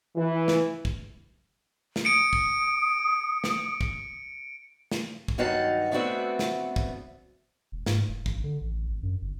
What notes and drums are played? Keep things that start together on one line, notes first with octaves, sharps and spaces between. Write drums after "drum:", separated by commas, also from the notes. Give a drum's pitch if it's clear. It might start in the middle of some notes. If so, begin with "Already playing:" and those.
E3
drum: snare
drum: kick
drum: snare
D#6 C#7 D7
drum: kick
drum: snare
drum: kick
drum: snare
drum: kick
G2 D#3 F#3 D#4 F#5 A5
A3 B3 C4 D4 F#4 E5
drum: snare
drum: kick
E1
G#2, drum: snare
E1
A1, drum: kick
D3
A1
G#1
F#2
G1